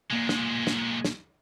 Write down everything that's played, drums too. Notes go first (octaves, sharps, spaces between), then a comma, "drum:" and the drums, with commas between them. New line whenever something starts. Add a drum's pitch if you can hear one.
B1 A#2 G#3 A#3 D5
drum: snare
drum: snare
drum: snare